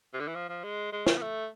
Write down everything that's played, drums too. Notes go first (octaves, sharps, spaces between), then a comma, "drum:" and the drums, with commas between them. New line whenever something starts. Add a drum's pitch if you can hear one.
C3
D3
E3
F3
F3
G#3
G#3
A3, drum: snare
B3
A3